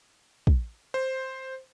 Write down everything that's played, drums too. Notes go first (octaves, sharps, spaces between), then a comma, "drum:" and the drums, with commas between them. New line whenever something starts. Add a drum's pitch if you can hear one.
drum: kick
C5